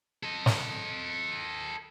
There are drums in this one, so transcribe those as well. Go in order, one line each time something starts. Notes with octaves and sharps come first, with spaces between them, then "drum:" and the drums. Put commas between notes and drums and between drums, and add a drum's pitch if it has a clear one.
A4 D#5
drum: snare